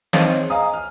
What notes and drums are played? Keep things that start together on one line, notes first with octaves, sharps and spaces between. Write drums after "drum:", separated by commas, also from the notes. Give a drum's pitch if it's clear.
C4 D#4 G#4 C5 C#5 F5, drum: snare
D#5 F5 G#5 A#5 D#6
F6